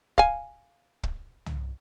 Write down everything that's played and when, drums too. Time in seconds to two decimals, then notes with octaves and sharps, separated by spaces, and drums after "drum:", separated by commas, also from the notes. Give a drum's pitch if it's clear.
0.18 F5 G#5, drum: kick
1.03 drum: kick
1.46 drum: tom